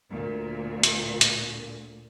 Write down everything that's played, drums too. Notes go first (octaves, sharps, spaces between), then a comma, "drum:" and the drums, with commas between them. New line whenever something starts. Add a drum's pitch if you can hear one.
D2 A#2
drum: hi-hat
drum: hi-hat